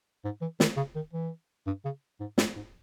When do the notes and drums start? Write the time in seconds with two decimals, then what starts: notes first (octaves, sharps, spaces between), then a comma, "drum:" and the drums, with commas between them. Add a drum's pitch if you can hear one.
0.24 G#2
0.41 E3
0.60 D#3, drum: snare
0.77 C#3
0.96 D#3
1.13 E3
1.67 G2
1.85 C#3
2.20 G#2
2.38 G2, drum: snare
2.56 G#2